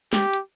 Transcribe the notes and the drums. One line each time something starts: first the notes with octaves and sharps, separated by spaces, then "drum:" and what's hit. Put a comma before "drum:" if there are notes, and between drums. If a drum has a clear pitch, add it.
G4, drum: snare
drum: hi-hat